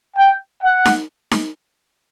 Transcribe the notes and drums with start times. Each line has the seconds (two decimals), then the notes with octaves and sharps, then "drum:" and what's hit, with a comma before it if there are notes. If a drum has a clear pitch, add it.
0.17 G5
0.63 F#5
0.85 drum: snare D#4
1.31 drum: snare D#4